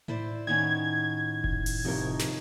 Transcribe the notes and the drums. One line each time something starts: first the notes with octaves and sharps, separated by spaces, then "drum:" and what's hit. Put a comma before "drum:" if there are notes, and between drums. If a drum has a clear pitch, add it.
A2 E4 C5 D5
D#3 B3 C#4 G#6
drum: kick F1
drum: open hi-hat
C3 F3 D#4 A#4 C#5 C6
drum: snare